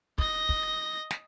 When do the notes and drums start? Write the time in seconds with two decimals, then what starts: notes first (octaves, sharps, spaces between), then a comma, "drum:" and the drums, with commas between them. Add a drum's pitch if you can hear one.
0.18 D#5 A#6, drum: kick
0.49 drum: kick
1.11 drum: snare